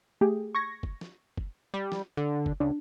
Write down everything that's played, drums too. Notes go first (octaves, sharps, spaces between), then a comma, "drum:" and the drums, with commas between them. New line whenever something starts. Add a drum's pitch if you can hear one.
A3 G4 G#4
C#6 G#6 A#6
drum: kick
drum: snare
drum: kick
G3
drum: snare
D3
drum: kick
C#2 D4